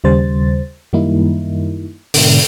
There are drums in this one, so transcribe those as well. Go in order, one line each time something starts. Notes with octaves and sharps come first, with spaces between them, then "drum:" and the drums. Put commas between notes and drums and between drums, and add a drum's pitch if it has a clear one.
D#2 C#3 G3 C5 A6
F#2 D#3 G3 A#3 D#4 E4
G#2 B2 D3, drum: open hi-hat